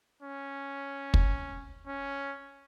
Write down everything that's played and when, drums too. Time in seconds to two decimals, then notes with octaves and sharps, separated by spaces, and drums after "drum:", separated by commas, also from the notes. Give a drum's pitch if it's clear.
0.22 C#4
1.14 drum: kick
1.87 C#4